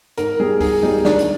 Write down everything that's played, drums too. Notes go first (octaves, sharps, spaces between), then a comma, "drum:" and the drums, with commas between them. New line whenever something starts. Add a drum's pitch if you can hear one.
G#2 A#4, drum: hi-hat
G3 G#4
G#2 G#4, drum: kick C#2, open hi-hat
G3 D#4
D#2 D4, drum: snare
drum: hi-hat